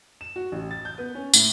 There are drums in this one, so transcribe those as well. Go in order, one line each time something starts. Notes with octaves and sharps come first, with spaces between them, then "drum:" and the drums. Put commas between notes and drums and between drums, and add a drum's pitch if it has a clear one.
E7
F#4
A1
A6
G6
B3
C#4
A2, drum: tambourine